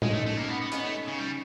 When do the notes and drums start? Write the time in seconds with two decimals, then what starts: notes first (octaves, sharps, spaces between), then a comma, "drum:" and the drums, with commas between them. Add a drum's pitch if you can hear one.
0.02 G#3 C#4 D#4, drum: tom A2
0.13 A3
0.26 A3
0.37 A#3
0.49 B3
0.61 B3
0.72 B3 C#4 D#4, drum: hi-hat
0.84 A3
1.08 C#3
1.18 G3